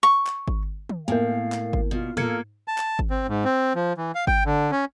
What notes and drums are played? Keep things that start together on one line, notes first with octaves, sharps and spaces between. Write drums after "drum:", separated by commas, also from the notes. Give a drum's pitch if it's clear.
C#6
drum: clap
drum: kick G#1
drum: tom
A2 A#3 B3 A#4 F5
drum: clap
drum: kick G#1
B2 F4
A#3 F4 A4 A#5 F6 G#6 C#7, drum: tom
A5
drum: clap
drum: kick G#1
C4
G#2
C4
F3
E3
F5
G5, drum: kick G#1
D3
C#4